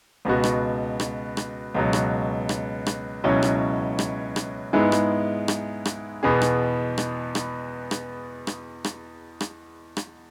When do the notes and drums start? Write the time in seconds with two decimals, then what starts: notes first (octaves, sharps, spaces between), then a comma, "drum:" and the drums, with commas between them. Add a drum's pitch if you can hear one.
0.25 C#2 B2 B3 F#4
0.44 drum: rim click
1.00 drum: rim click
1.37 drum: rim click
1.74 C#2 B2 F#3
1.93 drum: rim click
2.49 drum: rim click
2.86 drum: rim click
3.24 C#2 B2 F#3 C#4 E4
3.43 drum: rim click
3.99 drum: rim click
4.36 drum: rim click
4.73 G#2 G#3 B3 E4 G#4
4.92 drum: rim click
5.48 drum: rim click
5.85 drum: rim click
6.23 E2 B2 B3 G#4
6.42 drum: rim click
6.98 drum: rim click
7.35 drum: rim click
7.91 drum: rim click
8.47 drum: rim click
8.84 drum: rim click
9.41 drum: rim click
9.97 drum: rim click